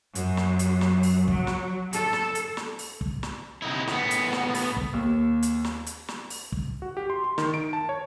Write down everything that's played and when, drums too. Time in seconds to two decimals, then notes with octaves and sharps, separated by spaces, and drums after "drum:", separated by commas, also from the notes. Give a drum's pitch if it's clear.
0.15 F#2, drum: hi-hat
0.37 drum: snare
0.59 drum: hi-hat
0.81 drum: snare
1.03 drum: open hi-hat
1.28 F#3, drum: kick
1.47 drum: snare
1.93 A4, drum: hi-hat
2.13 drum: snare
2.35 drum: hi-hat
2.57 drum: snare
2.79 drum: open hi-hat
3.01 drum: kick
3.23 drum: snare
3.62 C3 D#4 E4
3.88 A2 B3, drum: snare
4.11 drum: hi-hat
4.33 drum: snare
4.55 drum: open hi-hat
4.77 drum: kick
4.93 D#2
5.43 drum: hi-hat
5.65 drum: snare
5.86 drum: hi-hat
6.08 drum: snare
6.30 drum: open hi-hat
6.52 drum: kick
6.82 F#4
6.97 G4
7.10 C6
7.24 C6
7.38 D#3, drum: snare
7.54 D7
7.73 A5
7.89 C#5